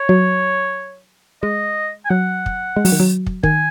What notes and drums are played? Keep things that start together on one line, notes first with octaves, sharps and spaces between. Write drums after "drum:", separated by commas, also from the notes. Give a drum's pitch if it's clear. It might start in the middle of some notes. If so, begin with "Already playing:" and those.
Already playing: C#5
F#3
G#3 D#5
G#5
F#3 F#5
drum: kick
G#3
F#3, drum: open hi-hat
D#3
F#3
drum: kick
D#3 G#5, drum: kick